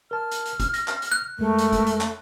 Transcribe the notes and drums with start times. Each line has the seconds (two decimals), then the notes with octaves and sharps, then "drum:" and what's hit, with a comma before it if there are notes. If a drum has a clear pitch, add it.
0.11 A#4 A5 F6
0.31 drum: hi-hat
0.45 drum: hi-hat
0.60 drum: kick, hi-hat
0.74 A#6, drum: hi-hat
0.88 drum: clap
1.02 drum: hi-hat
1.12 F#6
1.39 F2 G#3 A3 A#4
1.58 drum: hi-hat
1.72 drum: kick, hi-hat
1.87 drum: hi-hat
2.01 drum: clap